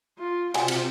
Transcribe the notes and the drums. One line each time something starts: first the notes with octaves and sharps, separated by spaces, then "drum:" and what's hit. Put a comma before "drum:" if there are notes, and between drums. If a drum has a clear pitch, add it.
F4
C3 F4 F#4 D5 G#5, drum: cymbal
drum: cymbal